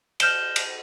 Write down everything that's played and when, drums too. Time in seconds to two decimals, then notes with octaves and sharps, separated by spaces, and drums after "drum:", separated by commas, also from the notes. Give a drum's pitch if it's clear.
0.20 F6 G6 E7 G7, drum: cymbal
0.56 drum: cymbal